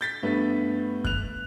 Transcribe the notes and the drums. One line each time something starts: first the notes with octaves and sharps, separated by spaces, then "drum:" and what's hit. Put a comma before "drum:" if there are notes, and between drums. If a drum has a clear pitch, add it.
G6 A6 B6
G2 A3 B3
F#6 F7, drum: kick F#2